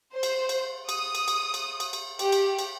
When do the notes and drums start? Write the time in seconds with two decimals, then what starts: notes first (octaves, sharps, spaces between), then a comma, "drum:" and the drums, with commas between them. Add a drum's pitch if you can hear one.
0.14 C5
0.23 drum: cymbal
0.49 drum: cymbal
0.89 D#6, drum: cymbal
1.15 drum: cymbal
1.28 drum: cymbal
1.54 drum: cymbal
1.80 drum: cymbal
1.93 drum: cymbal
2.19 G4, drum: cymbal
2.32 drum: cymbal
2.59 drum: cymbal